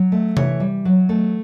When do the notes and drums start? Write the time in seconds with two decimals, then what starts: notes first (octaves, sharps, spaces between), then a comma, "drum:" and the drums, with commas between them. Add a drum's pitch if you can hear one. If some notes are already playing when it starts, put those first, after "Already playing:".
Already playing: F#3
0.12 A3
0.37 E3 C#5, drum: tom C3
0.60 G3
0.85 F#3
1.09 A3